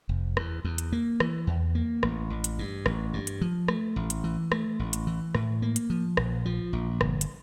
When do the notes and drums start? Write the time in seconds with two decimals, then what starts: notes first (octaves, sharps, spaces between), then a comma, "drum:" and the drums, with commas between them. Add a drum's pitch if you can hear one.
0.09 F1
0.37 E2, drum: rim click
0.64 E2
0.78 drum: hi-hat
0.92 A#3
1.20 E3, drum: rim click
1.47 E2
1.75 A#3
2.03 A1, drum: rim click
2.30 A1
2.44 drum: hi-hat
2.59 G2
2.86 A1, drum: rim click
3.13 G2
3.27 drum: hi-hat
3.41 F3
3.68 A3, drum: rim click
3.96 A1
4.10 drum: hi-hat
4.24 E3
4.52 A3, drum: rim click
4.79 A1
4.93 drum: hi-hat
5.07 E3
5.35 A2, drum: rim click
5.62 A#3
5.76 drum: hi-hat
5.90 F3
6.17 A#1, drum: rim click
6.45 F3
6.73 A#1
7.01 G1, drum: rim click
7.21 drum: hi-hat